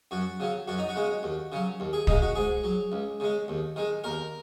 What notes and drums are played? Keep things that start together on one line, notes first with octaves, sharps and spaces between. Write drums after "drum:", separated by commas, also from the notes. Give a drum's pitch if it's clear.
F#2 F#4
C#3 F#3
F#2 F#4
D#4
F#4
C#3 G#3
D#2
C#3 F#3
D#2
G#4
C#3 G#3 D#4, drum: kick
F#4
G#2 G#4
F#3
C#2
C#3 G#3
D#2
D#3 G#3
D#2 A#4